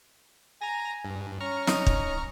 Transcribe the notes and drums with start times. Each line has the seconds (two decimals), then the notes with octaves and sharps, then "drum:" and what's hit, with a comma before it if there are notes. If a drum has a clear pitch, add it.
0.62 G#5 A#5 A#6
1.05 G2
1.40 C#4 A#5 C#6 F6
1.67 D#4, drum: snare
1.87 drum: kick